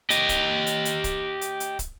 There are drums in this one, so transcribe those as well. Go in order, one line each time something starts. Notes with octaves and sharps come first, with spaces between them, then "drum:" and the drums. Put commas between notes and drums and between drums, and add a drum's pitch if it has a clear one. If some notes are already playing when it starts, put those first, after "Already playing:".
G4 D#5, drum: hi-hat
drum: kick, hi-hat
drum: hi-hat
drum: hi-hat
drum: kick, hi-hat
drum: hi-hat
drum: hi-hat
drum: kick, hi-hat